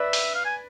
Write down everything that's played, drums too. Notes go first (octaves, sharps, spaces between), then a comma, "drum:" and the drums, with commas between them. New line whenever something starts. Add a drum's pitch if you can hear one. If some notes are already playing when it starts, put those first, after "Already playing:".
Already playing: B4 D5 E5
drum: open hi-hat
F5
G#5